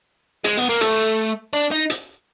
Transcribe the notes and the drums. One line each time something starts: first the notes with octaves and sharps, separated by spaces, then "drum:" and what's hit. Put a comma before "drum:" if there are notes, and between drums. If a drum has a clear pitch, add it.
G#3, drum: hi-hat
B3
A#3
A3, drum: hi-hat
D4
D#4
drum: hi-hat